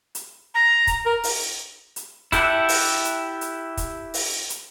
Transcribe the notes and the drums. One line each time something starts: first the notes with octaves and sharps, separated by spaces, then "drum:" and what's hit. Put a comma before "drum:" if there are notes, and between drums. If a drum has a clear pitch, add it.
drum: hi-hat
A#5
drum: kick, hi-hat
A#4
drum: open hi-hat
drum: hi-hat
E4 G4 A4 E5 F#5, drum: kick, hi-hat
drum: open hi-hat
drum: hi-hat
drum: hi-hat
drum: kick, hi-hat
drum: open hi-hat
drum: hi-hat